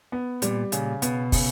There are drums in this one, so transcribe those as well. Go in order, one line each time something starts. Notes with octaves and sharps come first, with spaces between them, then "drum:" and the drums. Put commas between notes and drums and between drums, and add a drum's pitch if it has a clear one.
B3
A#2 G3, drum: hi-hat
A#2 C#3, drum: hi-hat
B2 B3, drum: hi-hat
C#3, drum: kick, open hi-hat